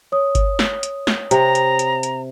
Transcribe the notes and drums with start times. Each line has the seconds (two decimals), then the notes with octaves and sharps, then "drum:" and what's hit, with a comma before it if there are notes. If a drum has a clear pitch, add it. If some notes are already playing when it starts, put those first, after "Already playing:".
0.12 C#5 D#6
0.35 drum: kick G1, hi-hat
0.59 drum: snare
0.83 drum: hi-hat
1.07 drum: snare
1.31 C3 A#5, drum: hi-hat
1.55 drum: hi-hat
1.79 drum: hi-hat
2.03 drum: hi-hat